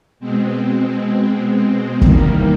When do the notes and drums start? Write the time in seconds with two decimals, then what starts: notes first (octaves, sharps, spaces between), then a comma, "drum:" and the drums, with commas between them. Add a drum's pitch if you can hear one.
0.20 B2 G#3 C4
2.01 E2 C3 D#3 G3 A#3, drum: kick